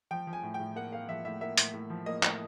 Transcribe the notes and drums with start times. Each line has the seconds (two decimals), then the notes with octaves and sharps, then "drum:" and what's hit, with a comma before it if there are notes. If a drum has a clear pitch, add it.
0.11 F3 G5
0.27 F3
0.33 G#5
0.43 A2
0.54 G5
0.60 A2
0.76 A#3 F#5
0.92 A#3 F5
1.09 F3 E5
1.25 A2 E5
1.41 A#3 E5
1.58 A2, drum: hi-hat
1.73 A2
1.90 F3
2.06 A#3 D#5
2.23 A2, drum: clap